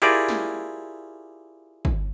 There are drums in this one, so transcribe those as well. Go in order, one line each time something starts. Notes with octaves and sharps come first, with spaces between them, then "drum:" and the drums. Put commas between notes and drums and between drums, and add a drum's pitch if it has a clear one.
E4 F4 G4 G#4 A#4 D5, drum: cymbal
drum: snare
drum: kick